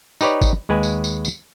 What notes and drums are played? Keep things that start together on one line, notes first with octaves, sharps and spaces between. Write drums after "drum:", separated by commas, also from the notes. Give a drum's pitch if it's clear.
D#4 G4 B4 C#5 D5, drum: tambourine
drum: kick, tambourine
D#2 G#3 B4 G#5
drum: tambourine
drum: tambourine
drum: tambourine